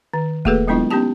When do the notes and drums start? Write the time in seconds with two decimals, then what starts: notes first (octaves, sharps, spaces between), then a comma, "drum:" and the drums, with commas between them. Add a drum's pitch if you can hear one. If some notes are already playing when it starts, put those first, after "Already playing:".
0.14 D#3
0.45 A3 A#3 F#4 G#4 A4 B4, drum: kick D#1
0.68 F#3 G#3 B3 D4 E4 F4
0.90 B3 C#4 D#4 G4 A5